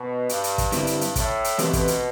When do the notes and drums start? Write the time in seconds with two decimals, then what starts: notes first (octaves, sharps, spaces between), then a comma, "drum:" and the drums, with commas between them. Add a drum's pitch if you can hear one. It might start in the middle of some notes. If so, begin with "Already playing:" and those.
Already playing: B2
0.29 G2, drum: hi-hat
0.44 drum: hi-hat
0.58 drum: kick, hi-hat
0.72 G2 D3 G3 C4 E4, drum: hi-hat
0.87 drum: hi-hat
1.01 drum: hi-hat
1.16 A2, drum: kick, hi-hat
1.44 drum: hi-hat
1.59 B2 E3 A3 C4 G4 B4, drum: hi-hat
1.73 drum: kick, hi-hat
1.88 drum: hi-hat